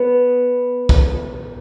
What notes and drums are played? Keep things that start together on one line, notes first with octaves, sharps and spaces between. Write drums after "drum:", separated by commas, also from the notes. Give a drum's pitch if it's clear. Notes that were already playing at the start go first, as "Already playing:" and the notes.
Already playing: B3
drum: kick